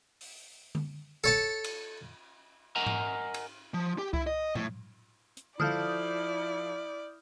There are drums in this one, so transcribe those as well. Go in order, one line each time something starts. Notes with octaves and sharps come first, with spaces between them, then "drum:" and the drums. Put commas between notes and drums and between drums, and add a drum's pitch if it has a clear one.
drum: open hi-hat
drum: tom D3
A4 C#5 A5
drum: cymbal
A#4 D#5 F#5 G#5 A#5
drum: tom G#2
drum: cymbal
F3
G4
E4, drum: kick C2
D#5
A2, drum: tom A2
drum: hi-hat
F3 E4 A4 D5 F5 D#6 F6 G6, drum: tom D3